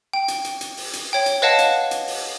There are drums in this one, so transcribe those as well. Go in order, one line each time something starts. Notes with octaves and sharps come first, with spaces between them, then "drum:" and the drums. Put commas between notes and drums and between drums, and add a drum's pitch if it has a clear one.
G5
drum: hi-hat
drum: hi-hat
drum: hi-hat
drum: open hi-hat
drum: hi-hat
C#5 G5
drum: hi-hat
B4 C#5 D#5 F5 F#5 A5
drum: hi-hat
drum: hi-hat
drum: open hi-hat